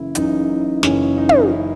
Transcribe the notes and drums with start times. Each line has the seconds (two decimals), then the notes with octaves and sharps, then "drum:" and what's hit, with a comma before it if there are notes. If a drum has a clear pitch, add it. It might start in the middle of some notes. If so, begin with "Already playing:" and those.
Already playing: F#1 F#2 C#3 E3 E4
0.15 F#1 F#2 C#3 E3 D#4, drum: hi-hat
0.83 F#1 F#2 C#3 E3 C#4, drum: snare
1.17 D#4
1.29 drum: tom
1.51 C#3 E3 E4